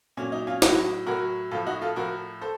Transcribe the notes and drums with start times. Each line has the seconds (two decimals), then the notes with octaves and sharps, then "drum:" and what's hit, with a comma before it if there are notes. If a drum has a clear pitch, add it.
0.17 A#2 F#3 C#4
0.32 D#4
0.47 C#4 F4
0.62 A2 F#3 D#4 F#4, drum: snare
1.07 A2 F#3 F#4 A#4
1.51 A2 F3 F4 A4
1.67 D#4 F#4
1.82 F4 A4
1.96 A2 F3 F#4 A#4
2.41 A4 C5